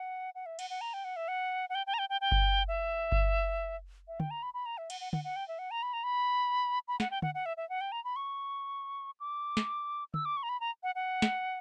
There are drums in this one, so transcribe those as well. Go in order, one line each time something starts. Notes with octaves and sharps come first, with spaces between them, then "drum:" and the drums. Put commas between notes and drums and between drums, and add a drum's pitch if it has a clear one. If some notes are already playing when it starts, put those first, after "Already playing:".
Already playing: F#5
F#5
E5
F#5, drum: cymbal
F#5
A#5
G5
F#5
E5
F#5
F#5
G5
G5
A#5
G5
G5
G5
drum: kick G1
E5
drum: kick G1
E5
G5, drum: tom
A#5
B5
B5
A#5
E5
F#5, drum: cymbal
F#5
F#5, drum: tom
F#5
G5
E5
F#5
A#5
B5
A#5
B5
B5
F#5, drum: snare
G5
F#5, drum: tom
F#5
E5
E5
F#5
G5
A#5
B5
C#6
D6
drum: snare
E6, drum: tom
D6
C#6
A#5
B5
A#5
F#5
F#5
drum: snare